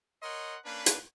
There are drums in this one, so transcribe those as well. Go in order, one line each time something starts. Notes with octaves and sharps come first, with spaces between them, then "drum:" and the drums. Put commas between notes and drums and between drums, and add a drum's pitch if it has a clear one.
A#4 C#5 D#5 F#5 C6
A#3 C#4 D4 B4
drum: hi-hat